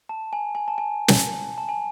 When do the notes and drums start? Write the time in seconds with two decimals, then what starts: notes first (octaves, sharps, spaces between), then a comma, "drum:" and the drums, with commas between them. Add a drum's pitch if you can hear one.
0.09 A5
0.33 G#5
0.55 G#5
0.68 A5
0.78 G#5
1.08 drum: snare
1.58 A5
1.69 G#5